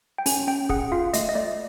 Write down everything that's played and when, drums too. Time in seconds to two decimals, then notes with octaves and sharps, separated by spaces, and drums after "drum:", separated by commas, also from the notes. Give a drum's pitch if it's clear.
0.18 G5
0.26 C#4 G#5, drum: open hi-hat
0.48 C#4 G5
0.69 G#4 F#5, drum: kick
0.92 F4 F5
1.13 A3 D#5, drum: hi-hat
1.29 D#5
1.35 A3 D5